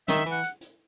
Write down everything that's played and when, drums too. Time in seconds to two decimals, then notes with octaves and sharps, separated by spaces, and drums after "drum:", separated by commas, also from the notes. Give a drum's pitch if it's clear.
0.08 D#3 E5, drum: snare
0.26 E3, drum: hi-hat
0.31 F#5
0.43 drum: hi-hat
0.61 drum: hi-hat